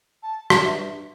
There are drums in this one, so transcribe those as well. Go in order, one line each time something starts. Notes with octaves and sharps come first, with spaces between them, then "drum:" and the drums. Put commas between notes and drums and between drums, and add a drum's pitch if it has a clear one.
A5
F#2, drum: rim click
G2 E5